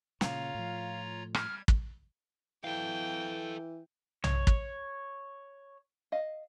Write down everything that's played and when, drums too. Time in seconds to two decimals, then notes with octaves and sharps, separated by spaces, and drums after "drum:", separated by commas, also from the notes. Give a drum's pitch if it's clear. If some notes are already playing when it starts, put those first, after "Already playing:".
0.21 A#2 C#3 F4 C#5 F5 A#5, drum: snare
0.55 A2 F3
1.34 G3 F6 G#6, drum: rim click
1.68 drum: kick
2.64 E3 A4 F5 G5
4.24 C#5, drum: tom B1
4.47 drum: kick
6.12 D#5 F5